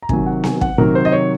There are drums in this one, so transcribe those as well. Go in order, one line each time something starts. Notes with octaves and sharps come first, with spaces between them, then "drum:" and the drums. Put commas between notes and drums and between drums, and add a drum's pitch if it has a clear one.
A#5
C3 D#3 F#3 G#5, drum: kick
F#5
G#5, drum: snare B3
F#5, drum: kick
C3 D#3 F#3 A#4
C5
D#5
C#5